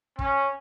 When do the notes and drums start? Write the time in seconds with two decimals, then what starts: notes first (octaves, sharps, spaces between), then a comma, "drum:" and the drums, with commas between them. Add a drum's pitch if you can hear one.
0.19 C#4, drum: kick